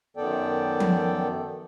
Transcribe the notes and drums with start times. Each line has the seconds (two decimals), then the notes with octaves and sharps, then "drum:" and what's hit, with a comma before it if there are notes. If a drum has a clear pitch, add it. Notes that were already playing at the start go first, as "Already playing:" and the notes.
0.17 F#2 D#3 B3 A4 D5 G5
0.80 drum: tom F3